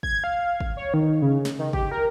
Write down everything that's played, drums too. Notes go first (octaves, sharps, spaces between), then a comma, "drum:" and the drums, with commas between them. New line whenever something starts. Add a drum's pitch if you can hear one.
G#6, drum: kick
F5
drum: kick
C#5
D#3
C#3
drum: snare
D#3
G4, drum: kick
A#4